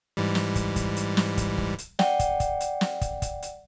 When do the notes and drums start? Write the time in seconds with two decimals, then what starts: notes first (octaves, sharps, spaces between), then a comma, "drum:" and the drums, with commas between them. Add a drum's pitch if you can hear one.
0.17 G#2 E3 G3
0.35 drum: snare
0.55 drum: kick, hi-hat
0.76 drum: kick, hi-hat
0.96 drum: hi-hat
1.17 drum: snare
1.37 drum: kick, hi-hat
1.58 drum: kick
1.78 drum: hi-hat
1.99 D5 F#5 G5, drum: snare
2.19 drum: kick, hi-hat
2.40 drum: kick, hi-hat
2.60 drum: hi-hat
2.81 drum: snare
3.01 drum: kick, hi-hat
3.22 drum: kick, hi-hat
3.42 drum: hi-hat